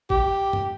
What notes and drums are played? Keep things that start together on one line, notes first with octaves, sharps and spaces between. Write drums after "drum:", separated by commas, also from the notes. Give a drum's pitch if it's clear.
G4, drum: kick
drum: tom